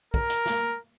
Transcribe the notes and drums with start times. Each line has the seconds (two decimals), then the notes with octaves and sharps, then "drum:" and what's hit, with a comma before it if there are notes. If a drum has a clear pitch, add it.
0.14 A#4, drum: kick
0.30 drum: hi-hat
0.46 drum: snare